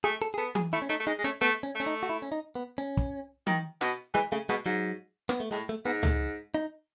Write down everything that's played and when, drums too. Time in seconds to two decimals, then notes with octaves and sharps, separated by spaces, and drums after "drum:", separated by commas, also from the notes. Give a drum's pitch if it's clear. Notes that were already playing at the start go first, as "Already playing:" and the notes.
0.04 A3 G#4
0.22 A4
0.34 G#4
0.38 B3 A4
0.55 G#4, drum: tom E3
0.73 A3 E4
0.82 C#4
0.89 A3 D#4
1.00 A3
1.07 G#3 D#4
1.19 G#3
1.24 A3 C#4
1.41 A3 B3
1.63 C#4
1.75 A3 C#4
1.86 D#4
2.03 F#4
2.09 E4
2.22 C#4
2.32 D#4
2.55 B3
2.78 C#4
2.97 drum: kick
3.47 D#3, drum: tom E3
3.81 B2, drum: snare
4.14 E3 G#3
4.32 C#3 A3
4.49 B2 G#3
4.66 G#2 F#3
5.29 B3, drum: snare
5.40 A3
5.51 A2 G#3
5.69 A3
5.85 G#2 B3
6.03 A3, drum: tom C#2
6.55 D#4